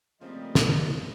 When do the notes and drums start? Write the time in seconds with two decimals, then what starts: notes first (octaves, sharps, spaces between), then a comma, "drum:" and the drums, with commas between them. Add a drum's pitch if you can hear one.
0.21 C#3 F3 G3 A3 A#3 C4 D#5
0.55 drum: snare